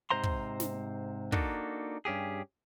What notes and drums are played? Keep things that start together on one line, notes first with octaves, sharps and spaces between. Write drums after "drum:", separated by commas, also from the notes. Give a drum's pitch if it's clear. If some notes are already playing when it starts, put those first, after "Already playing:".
G#2 C3 C5 A#5 C6
drum: kick
drum: snare
A#3 D4 D#4 F#4 A4, drum: kick
G2 C#4 G4 G#4